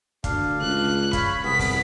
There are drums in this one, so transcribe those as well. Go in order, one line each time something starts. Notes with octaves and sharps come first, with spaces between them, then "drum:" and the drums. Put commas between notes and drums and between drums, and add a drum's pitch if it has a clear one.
D2 D4 F5, drum: kick, hi-hat
C#2 F#6
C#5 F5 B5, drum: kick, hi-hat
C2 B3 G#4 B6
drum: kick, open hi-hat